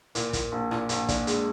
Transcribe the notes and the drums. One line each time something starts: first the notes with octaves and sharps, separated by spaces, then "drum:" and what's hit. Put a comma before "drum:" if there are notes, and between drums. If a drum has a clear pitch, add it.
A#2, drum: hi-hat
A#2, drum: kick, hi-hat
A#1
A#2, drum: rim click
A#1, drum: hi-hat
D4, drum: kick, hi-hat
G#3, drum: hi-hat